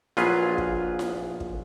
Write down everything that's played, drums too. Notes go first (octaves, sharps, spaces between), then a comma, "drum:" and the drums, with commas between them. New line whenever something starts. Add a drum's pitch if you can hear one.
A#1 F#3 F4 G#4 B4, drum: snare E4
drum: kick
drum: snare E4
drum: kick